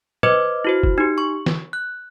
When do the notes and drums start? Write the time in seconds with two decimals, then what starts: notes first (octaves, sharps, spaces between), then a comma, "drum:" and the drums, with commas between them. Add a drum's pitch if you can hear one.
0.23 B4 C5 D#5 D6 G#6, drum: tom
0.65 E4 F#4 C5
0.83 drum: kick F#1
0.98 D#4 G4
1.18 C#6
1.46 drum: snare
1.73 F#6